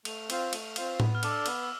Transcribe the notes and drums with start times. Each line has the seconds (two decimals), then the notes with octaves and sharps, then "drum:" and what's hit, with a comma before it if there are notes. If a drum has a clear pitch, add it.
0.05 A3 F7, drum: cymbal
0.30 C4 F4 C5 F5, drum: cymbal
0.53 A3, drum: cymbal
0.76 C4 F4 C5 F5, drum: cymbal
1.00 B3, drum: tom A2
1.15 F6
1.23 D4 A4 D5 A5 D6, drum: cymbal
1.30 E6
1.46 B3 E6, drum: cymbal
1.64 E6